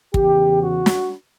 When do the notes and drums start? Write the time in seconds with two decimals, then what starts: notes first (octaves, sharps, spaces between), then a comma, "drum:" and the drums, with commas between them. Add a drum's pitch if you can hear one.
0.14 E2 C#3 E3 G4, drum: kick
0.62 F#4
0.86 drum: snare